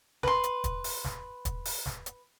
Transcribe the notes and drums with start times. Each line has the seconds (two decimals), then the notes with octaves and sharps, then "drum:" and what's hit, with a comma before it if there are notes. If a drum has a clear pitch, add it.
0.23 B4 C6, drum: snare
0.44 drum: hi-hat
0.64 drum: kick, hi-hat
0.84 drum: open hi-hat
1.04 drum: snare
1.45 drum: kick, hi-hat
1.65 drum: open hi-hat
1.86 drum: snare
2.06 drum: hi-hat